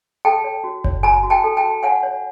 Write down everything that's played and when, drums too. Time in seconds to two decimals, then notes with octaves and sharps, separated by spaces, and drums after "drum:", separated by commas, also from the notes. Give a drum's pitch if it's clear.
0.25 A4 G5 A5
0.44 C#5
0.64 F#4
0.84 C#5, drum: kick F#1
1.03 F#4 G#5 A#5
1.23 F#4
1.30 G5 A5
1.44 A4
1.57 G5 A5
1.63 F#4
1.83 C#5 F#5 G#5
2.03 C#5